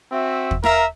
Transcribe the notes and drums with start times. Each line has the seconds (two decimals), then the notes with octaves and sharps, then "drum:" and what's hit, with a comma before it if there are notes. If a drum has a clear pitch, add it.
0.11 C4 F#4 E5
0.51 drum: kick
0.64 A#4 E5 F5 A#5, drum: rim click